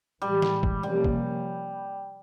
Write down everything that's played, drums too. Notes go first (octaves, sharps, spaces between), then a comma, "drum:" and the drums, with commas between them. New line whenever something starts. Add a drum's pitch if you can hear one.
A2 E3 G3 G#3
drum: snare
drum: kick
C3 F3 G3 A#3 C#4
drum: kick